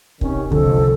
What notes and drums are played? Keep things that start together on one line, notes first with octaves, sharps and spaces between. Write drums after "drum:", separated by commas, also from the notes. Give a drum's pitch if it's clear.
C3 D#3 C#4, drum: kick
C2 F2 D3 A4, drum: kick